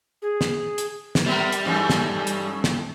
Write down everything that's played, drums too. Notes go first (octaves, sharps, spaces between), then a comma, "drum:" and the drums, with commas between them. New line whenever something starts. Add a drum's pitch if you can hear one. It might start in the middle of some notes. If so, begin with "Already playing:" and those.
G#4
drum: snare
drum: hi-hat
drum: snare
G3 A3 B3 A#4 E5
drum: hi-hat
G2 E3 A3 C#4
drum: snare
drum: hi-hat
drum: snare